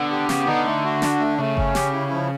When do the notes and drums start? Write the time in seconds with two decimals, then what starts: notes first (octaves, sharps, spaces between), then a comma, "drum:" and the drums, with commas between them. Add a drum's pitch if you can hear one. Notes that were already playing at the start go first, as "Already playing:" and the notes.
Already playing: D3 B3
0.11 G4
0.29 C#3 B3, drum: snare
0.47 D3 D#4
0.66 A3
0.84 F#4
1.02 D4, drum: snare
1.20 A3
1.39 C#3 A3
1.57 C#4, drum: kick G1
1.75 G4, drum: snare
1.93 E4
2.11 F3